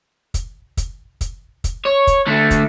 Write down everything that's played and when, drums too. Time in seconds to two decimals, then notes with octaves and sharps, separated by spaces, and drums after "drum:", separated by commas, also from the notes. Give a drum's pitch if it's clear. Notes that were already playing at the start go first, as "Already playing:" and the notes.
0.34 drum: kick, hi-hat
0.77 drum: kick, hi-hat
1.21 drum: kick, hi-hat
1.64 drum: kick, hi-hat
1.86 C#5
2.07 drum: kick, hi-hat
2.27 D3 A3
2.51 drum: kick, hi-hat